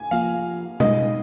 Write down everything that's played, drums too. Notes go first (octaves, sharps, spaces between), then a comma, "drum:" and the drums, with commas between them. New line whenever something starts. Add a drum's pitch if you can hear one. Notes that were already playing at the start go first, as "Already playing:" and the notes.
Already playing: G#5
F3 A#3 F4 F5
B2 G#3 D#4 D#5, drum: tom B2